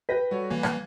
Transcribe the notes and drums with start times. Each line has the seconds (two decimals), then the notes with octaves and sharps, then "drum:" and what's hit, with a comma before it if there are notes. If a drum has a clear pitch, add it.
0.09 B4 G5 G6 A#6
0.31 G3 F#4 A4 C#5
0.50 E3 A#3 G#5
0.63 drum: rim click